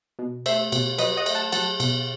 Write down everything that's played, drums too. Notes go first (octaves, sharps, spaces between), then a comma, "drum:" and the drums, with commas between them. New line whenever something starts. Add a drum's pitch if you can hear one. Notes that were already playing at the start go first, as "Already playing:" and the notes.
B2
A3 C5 E5, drum: cymbal
B2, drum: cymbal
F#3 B4 D#5, drum: cymbal
D#5 F#5
A3, drum: cymbal
F#5 A5
F#3 F#5 A5, drum: cymbal
B2, drum: cymbal